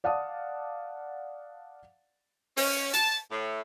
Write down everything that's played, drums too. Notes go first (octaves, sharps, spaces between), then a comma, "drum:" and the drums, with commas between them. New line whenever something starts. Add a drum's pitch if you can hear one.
D5 F5 F#5 A5 D#6
C#4, drum: open hi-hat
A5, drum: hi-hat
A2